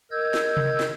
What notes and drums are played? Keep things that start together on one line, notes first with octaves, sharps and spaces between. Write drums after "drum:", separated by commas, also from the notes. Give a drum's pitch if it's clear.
A#4 D#5 E6 G6 G#6
drum: snare
drum: tom C3
drum: snare